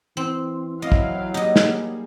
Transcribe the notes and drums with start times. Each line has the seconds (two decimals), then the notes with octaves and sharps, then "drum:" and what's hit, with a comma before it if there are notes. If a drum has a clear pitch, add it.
0.17 E3 C4
0.82 F#3 C4 E4 D#5 F5
0.92 drum: kick
1.34 G3 A#3 D#4 G#4 D#5
1.56 drum: snare